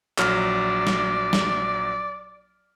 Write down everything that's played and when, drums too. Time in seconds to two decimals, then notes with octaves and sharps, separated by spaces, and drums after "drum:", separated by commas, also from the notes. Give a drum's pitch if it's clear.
0.19 A#1 F#3 D5 F6, drum: clap
0.87 drum: snare
1.33 drum: snare